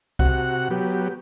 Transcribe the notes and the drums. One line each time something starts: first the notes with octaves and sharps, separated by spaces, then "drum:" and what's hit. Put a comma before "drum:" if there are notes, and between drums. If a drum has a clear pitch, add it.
C3 F#4 F#5, drum: kick C2
F#3 B3 G4